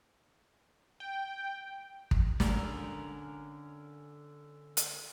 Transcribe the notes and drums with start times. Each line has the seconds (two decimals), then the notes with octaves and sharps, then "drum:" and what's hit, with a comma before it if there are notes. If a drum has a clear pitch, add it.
1.00 G5
2.11 drum: kick
2.40 D3 C#4 A#4, drum: snare
4.77 drum: hi-hat